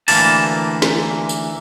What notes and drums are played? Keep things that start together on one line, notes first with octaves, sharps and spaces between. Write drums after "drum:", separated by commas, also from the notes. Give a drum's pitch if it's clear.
D2 E3 A#3 A5, drum: open hi-hat
drum: snare
drum: tambourine